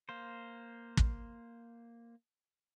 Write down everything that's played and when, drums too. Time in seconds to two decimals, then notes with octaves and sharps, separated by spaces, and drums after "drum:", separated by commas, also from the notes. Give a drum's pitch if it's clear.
0.09 A#3 C5
0.97 drum: kick